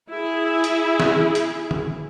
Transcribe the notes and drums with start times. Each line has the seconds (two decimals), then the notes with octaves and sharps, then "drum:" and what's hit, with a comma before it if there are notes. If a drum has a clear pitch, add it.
0.10 E4 G#4
0.64 drum: hi-hat
0.99 drum: snare
1.35 drum: hi-hat
1.71 drum: tom